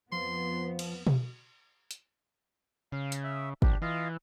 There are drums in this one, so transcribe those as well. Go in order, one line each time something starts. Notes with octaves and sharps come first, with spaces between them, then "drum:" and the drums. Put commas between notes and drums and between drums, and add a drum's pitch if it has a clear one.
F2 F3 B3 C6
drum: cymbal
drum: tom B2
drum: hi-hat
C#3 F5
drum: hi-hat
E5
A#1 D4 G4, drum: kick
E3 F4 D#5 F5